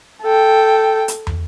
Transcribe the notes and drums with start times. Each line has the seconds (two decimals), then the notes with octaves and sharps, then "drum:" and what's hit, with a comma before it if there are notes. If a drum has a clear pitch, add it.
0.23 A4 G5
1.08 drum: hi-hat
1.27 drum: tom